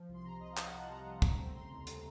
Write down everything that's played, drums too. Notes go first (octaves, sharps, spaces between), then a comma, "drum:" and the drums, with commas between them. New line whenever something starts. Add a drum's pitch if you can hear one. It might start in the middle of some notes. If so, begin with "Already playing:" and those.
Already playing: F3
C2
C6
C3 A#5
C2 D#5
F5
F3, drum: clap
F#5
C2 A5
C3 A#5
C2
A3, drum: kick
C4
C#3 C6
D#2
A3, drum: hi-hat